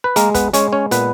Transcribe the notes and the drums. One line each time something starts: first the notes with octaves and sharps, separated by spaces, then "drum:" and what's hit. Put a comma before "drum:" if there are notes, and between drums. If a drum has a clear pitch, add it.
B4
G#3 A#3 A#4, drum: hi-hat
B3 B4, drum: kick, hi-hat
G#3 C#4 C#5, drum: hi-hat
C#4 C#5
A#2 B3 B4, drum: hi-hat